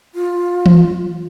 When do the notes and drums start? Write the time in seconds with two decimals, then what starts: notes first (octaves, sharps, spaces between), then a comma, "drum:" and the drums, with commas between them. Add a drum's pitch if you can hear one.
0.15 F4
0.66 drum: tom E3